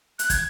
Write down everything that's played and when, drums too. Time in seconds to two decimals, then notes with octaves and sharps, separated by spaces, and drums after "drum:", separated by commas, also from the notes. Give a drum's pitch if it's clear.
0.19 F#6, drum: hi-hat
0.30 G#6, drum: kick, hi-hat